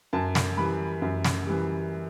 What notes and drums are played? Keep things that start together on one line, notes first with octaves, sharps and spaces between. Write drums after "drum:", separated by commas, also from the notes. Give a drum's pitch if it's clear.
F#2 A5
drum: snare
E3 G3 B5
F#2
drum: snare
E3 G3